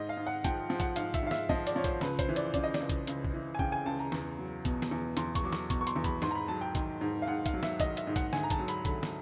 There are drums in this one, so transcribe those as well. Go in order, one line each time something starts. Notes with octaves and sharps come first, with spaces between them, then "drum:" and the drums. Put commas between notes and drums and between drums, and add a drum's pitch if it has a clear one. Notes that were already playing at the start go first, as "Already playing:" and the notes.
Already playing: G#2 D#5
F5
G#2
F#5
F3 G5, drum: kick A#1, hi-hat
F3
F#5, drum: kick A#1, hi-hat
G#2 F5, drum: hi-hat
E5, drum: kick A#1, hi-hat
G#2 F5
E5, drum: snare
F3 D#5, drum: kick A#1
D5, drum: hi-hat
F3 C#5
C5, drum: kick A#1, hi-hat
C#2 B4, drum: snare
C5, drum: kick A#1, hi-hat
E3
D5, drum: hi-hat
C#3 D5, drum: kick A#1, hi-hat
D#5
D5, drum: snare
C#2
drum: kick A#1, hi-hat
C#2, drum: hi-hat
drum: kick A#1
E3
G#5
C#3 G5, drum: kick A#1
G#5
C#2 A5
A#5
E2, drum: snare
F#3
B2, drum: kick A#1, hi-hat
drum: snare
E2
E2 C6, drum: hi-hat
C#6, drum: kick A#1, hi-hat
F#3 D6
C#6, drum: snare
B2 C#6, drum: kick A#1, hi-hat
C#6
C6, drum: hi-hat
E2
B5, drum: kick A#1, hi-hat
G#2 C6, drum: snare
A#5
B5
F#3 A5
G5
D#3, drum: kick A#1, hi-hat
G#2
F5
G#2 F#5
F5, drum: kick A#1, hi-hat
F#3
E5, drum: snare
D#3 D#5, drum: kick A#1, hi-hat
E5, drum: hi-hat
G#2
F#5, drum: kick A#1, hi-hat
D2 G#5, drum: snare
A#5
A5, drum: kick A#1, hi-hat
F#3
B5, drum: hi-hat
D3 B5, drum: kick A#1, hi-hat
drum: snare